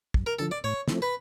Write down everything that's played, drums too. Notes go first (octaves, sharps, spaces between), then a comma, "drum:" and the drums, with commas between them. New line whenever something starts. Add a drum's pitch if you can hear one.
F#2, drum: kick
A#4
D3 F3 A4
D5
A2 C#5
F3 A3 C4 E4, drum: snare
B4